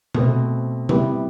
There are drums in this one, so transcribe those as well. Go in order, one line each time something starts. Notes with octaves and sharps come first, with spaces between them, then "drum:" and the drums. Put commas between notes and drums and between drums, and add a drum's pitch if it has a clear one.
B2 A3 C4, drum: tom C3
C3 G3 B3 E4 G4, drum: tom C3